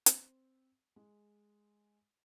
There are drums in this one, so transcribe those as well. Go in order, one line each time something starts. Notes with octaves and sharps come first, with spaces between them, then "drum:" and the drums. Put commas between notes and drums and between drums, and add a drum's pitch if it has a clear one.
C4, drum: hi-hat
G#3